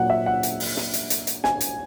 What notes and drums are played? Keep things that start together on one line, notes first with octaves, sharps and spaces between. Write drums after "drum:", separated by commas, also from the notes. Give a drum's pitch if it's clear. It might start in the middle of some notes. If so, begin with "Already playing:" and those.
Already playing: A#2 F#3 A#3 F#5
E5
F#5
drum: hi-hat
drum: open hi-hat
drum: snare
drum: hi-hat
drum: hi-hat
drum: hi-hat
G#5, drum: snare
drum: hi-hat